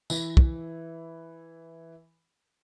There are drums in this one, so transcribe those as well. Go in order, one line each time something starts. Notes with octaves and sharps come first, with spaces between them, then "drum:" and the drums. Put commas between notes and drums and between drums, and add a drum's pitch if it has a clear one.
E3, drum: tambourine
drum: kick